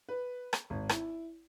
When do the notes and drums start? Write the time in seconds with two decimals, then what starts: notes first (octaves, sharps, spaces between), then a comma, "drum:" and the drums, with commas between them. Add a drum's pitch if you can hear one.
0.09 B4
0.53 drum: rim click
0.70 G#1
0.89 E4, drum: rim click